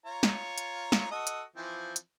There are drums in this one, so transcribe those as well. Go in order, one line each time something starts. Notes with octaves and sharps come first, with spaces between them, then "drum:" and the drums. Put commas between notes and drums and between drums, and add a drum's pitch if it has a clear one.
F4 C#5 A#5
drum: snare
drum: hi-hat
drum: snare
F#4 A4 D#5
drum: hi-hat
E3 F3 C4
drum: hi-hat